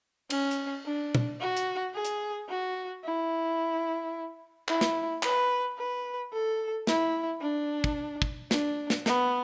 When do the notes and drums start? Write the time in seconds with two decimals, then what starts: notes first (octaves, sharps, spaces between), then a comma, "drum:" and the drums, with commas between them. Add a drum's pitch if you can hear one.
0.30 C#4, drum: cymbal
0.51 drum: hi-hat
0.85 D4
1.15 drum: tom
1.40 F#4
1.57 drum: hi-hat
1.94 G#4
2.05 drum: hi-hat
2.49 F#4
3.05 E4
4.68 E4, drum: clap
4.81 drum: snare
5.23 B4, drum: clap
5.78 B4
6.32 A4
6.87 E4, drum: snare
7.41 D4
7.84 drum: kick
8.22 drum: kick
8.51 D4, drum: snare
8.90 drum: snare
9.06 B3, drum: snare